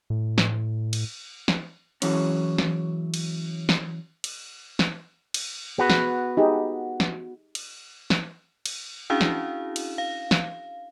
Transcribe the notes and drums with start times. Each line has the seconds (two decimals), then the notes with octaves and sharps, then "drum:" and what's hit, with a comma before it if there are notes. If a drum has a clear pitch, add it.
0.10 A2
0.38 drum: snare
0.93 drum: cymbal
1.48 drum: snare
2.02 E3 F#3 G#3 C#4, drum: cymbal
2.58 drum: snare
3.14 drum: cymbal
3.69 drum: snare
4.24 drum: cymbal
4.79 drum: snare
5.34 drum: cymbal
5.78 B3 F#4 G#4 B4
5.90 drum: snare
6.37 D#4 G4 G#4
7.00 drum: snare
7.55 drum: cymbal
8.10 drum: snare
8.66 drum: cymbal
9.10 C#4 D4 E4 F#4 G#4 F5
9.21 drum: snare
9.76 drum: cymbal
9.98 F5
10.31 drum: snare